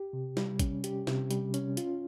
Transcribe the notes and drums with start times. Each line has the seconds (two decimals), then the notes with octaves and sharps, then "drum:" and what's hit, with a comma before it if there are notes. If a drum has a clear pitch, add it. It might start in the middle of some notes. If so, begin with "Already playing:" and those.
Already playing: G4
0.13 C3
0.37 G3, drum: snare
0.59 C#4, drum: kick, hi-hat
0.84 G4, drum: hi-hat
1.07 C3, drum: snare
1.31 G3, drum: hi-hat
1.54 C#4, drum: hi-hat
1.77 F4, drum: hi-hat